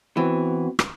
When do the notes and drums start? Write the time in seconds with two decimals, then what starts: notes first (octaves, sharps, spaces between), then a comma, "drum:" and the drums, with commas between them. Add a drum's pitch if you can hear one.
0.17 E3 B3 C4 F#4
0.79 drum: rim click